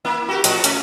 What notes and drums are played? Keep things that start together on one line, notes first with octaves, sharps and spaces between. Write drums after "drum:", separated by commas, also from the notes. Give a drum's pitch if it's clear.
A#3 E4
F#4 G4 A#4
A2 F3 F#4, drum: hi-hat
A3 C#4, drum: hi-hat